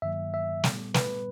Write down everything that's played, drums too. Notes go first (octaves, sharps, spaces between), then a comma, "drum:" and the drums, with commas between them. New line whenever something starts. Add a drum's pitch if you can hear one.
G2 D#3 F#3 A#3 E5
E5
A#2 G3 B3, drum: snare
B4, drum: snare